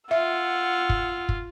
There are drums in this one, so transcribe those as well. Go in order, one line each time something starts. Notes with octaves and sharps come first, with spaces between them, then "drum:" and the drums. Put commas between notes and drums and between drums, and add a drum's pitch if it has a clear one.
F4 E5 F#5 E6
drum: kick
drum: kick